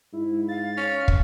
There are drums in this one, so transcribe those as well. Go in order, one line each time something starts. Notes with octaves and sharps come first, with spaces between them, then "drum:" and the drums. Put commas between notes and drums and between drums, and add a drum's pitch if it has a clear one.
G#2 E4
F5 A6
C#4
drum: kick